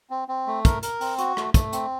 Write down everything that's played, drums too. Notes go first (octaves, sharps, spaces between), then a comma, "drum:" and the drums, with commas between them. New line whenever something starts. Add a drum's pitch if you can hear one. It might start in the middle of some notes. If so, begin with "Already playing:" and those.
C4
C4
A3
A#4, drum: kick, hi-hat
A#4, drum: hi-hat
C4, drum: open hi-hat
F#4, drum: hi-hat
A3, drum: rim click
A3, drum: kick, hi-hat
C4, drum: hi-hat